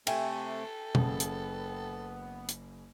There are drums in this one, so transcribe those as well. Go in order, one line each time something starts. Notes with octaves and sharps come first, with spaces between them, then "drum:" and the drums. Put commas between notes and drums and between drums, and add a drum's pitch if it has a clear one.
C3 A3 A4 E5 G5 G#5, drum: cymbal
F#1 C#3 B3 A5, drum: tom B2
drum: hi-hat
drum: hi-hat